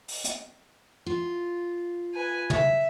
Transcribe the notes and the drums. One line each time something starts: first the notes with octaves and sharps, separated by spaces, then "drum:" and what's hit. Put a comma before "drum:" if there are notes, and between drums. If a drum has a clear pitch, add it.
drum: open hi-hat
drum: hi-hat
F4
B4 G#5
E5, drum: tom